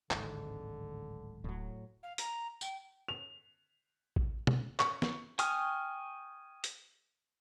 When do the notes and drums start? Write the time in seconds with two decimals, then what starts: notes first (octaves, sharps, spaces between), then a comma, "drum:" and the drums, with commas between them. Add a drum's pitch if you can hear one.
0.11 D1 G#1 G#2 D3, drum: clap
1.44 D1 A2 F#3
2.03 F5
2.18 A#5, drum: hi-hat
2.61 G5, drum: tambourine
3.08 F7
4.16 drum: kick A1
4.47 drum: tom B2
4.79 C#6, drum: clap
5.02 drum: snare
5.39 G5 G#5 C#6 D#6 F6, drum: hi-hat
6.64 drum: hi-hat